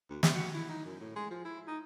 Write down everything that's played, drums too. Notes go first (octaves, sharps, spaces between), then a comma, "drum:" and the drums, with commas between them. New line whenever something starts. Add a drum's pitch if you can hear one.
D2
G3, drum: snare
F#4
E4
D#4
F#2
A2
G#3
F3
E4
D#4